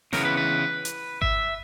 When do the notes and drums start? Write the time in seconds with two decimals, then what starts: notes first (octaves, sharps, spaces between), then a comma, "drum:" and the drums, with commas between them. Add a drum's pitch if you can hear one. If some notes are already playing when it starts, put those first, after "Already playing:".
0.13 C#3 E3 B3 A#4, drum: snare
0.25 B4
0.37 B4
0.85 drum: hi-hat
1.22 E5, drum: kick G#1